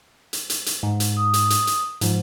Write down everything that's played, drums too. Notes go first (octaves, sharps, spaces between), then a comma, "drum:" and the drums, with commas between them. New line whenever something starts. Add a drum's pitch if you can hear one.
drum: hi-hat
drum: hi-hat
drum: hi-hat
G#2
drum: hi-hat
D#6
drum: hi-hat
drum: hi-hat
drum: hi-hat
G#2 F3, drum: hi-hat